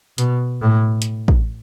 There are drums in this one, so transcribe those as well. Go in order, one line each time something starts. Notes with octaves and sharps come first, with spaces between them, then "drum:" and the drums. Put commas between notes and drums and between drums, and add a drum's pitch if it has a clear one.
B2, drum: hi-hat
A2
drum: hi-hat
drum: kick